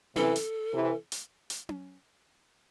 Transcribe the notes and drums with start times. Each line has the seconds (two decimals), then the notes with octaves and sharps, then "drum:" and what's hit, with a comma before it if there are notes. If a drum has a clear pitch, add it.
0.16 C3 E3 A4, drum: tom C#4
0.36 drum: hi-hat
0.73 C3 E3
1.12 drum: hi-hat
1.50 drum: hi-hat
1.69 drum: tom C#4